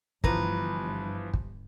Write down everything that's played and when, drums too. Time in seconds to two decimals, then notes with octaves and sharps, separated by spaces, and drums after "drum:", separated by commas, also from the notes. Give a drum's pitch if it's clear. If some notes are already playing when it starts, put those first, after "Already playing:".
0.24 G1 E3 F3 B4 A#5, drum: kick
1.34 drum: kick